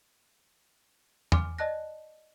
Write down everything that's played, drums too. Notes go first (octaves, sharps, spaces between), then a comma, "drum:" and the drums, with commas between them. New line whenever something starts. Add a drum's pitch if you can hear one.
G#5 C6 D6 F6, drum: tom
D5 D#5 A5 F#6 A#6